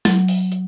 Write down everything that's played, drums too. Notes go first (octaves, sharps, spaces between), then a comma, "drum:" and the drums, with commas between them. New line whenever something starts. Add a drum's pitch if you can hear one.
F#3, drum: snare
drum: open hi-hat
drum: hi-hat